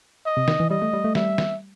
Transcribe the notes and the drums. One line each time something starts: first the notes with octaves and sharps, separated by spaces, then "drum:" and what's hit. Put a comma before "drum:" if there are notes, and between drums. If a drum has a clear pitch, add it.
D#5
C3
D#3, drum: snare
E3
G3 D#5
A3
G3
A3
G3 E5, drum: snare
drum: snare